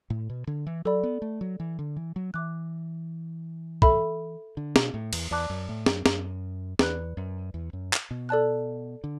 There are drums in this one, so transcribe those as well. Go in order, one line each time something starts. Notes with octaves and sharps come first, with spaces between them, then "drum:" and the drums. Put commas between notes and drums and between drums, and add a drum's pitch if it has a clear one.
A2
B2
D3
E3
F#3 A4 D5 B5
B3
A3
F#3
E3
D3
E3
F#3
E3 E5 D6 F#6
A4 E5 B5, drum: kick
D3
B2, drum: snare
A2
E2, drum: cymbal
E2 D5 A5 D6 F#6
F#2
A2
F#2, drum: snare
F#2, drum: snare
E2 B4 D5 B5 F#6, drum: snare
F#2
E2
F#2
drum: clap
B2
A4 D5 A5 F#6
D3